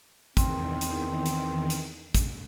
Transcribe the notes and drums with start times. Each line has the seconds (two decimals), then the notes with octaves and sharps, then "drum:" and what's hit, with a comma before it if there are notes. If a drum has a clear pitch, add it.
0.37 E2 D#3 C4, drum: kick, hi-hat
0.81 drum: hi-hat
1.26 drum: hi-hat
1.70 drum: hi-hat
2.15 drum: kick, hi-hat